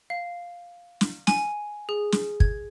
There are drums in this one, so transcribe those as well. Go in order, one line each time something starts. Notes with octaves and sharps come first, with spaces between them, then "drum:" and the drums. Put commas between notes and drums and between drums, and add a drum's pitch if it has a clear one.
F5
drum: snare
G#5, drum: snare
G#4
drum: snare
G#6, drum: kick